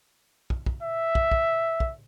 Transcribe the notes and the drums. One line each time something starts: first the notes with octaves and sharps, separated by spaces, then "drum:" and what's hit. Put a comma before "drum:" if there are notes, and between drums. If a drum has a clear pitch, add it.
drum: kick
drum: kick
E5
drum: kick
drum: kick
drum: kick